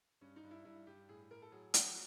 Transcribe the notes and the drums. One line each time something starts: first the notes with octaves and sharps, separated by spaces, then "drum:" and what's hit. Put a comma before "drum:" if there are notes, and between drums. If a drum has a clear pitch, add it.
G2 C#4
D#4
G2
E4
G2 E4
G2 G4
A2 G#4
A2 A#4
A4
F#3 G#4
F#3 F#4, drum: hi-hat